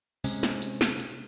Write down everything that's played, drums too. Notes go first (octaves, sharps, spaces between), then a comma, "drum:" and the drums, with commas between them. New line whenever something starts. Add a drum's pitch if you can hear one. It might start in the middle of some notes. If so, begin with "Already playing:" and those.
C3 G#3 C#4, drum: open hi-hat
drum: snare
drum: hi-hat
drum: snare
drum: hi-hat